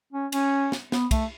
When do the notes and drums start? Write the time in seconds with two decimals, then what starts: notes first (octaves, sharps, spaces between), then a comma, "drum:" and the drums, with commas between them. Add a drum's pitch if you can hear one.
0.13 C#4
0.32 C#4, drum: cymbal
0.72 drum: snare
0.92 B3, drum: snare
1.11 A3, drum: kick, cymbal